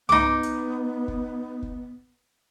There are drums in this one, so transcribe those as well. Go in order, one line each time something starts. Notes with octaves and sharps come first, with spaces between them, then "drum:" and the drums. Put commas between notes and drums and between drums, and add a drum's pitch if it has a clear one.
B3 D#4 D6, drum: tom C2
drum: hi-hat
drum: kick
drum: kick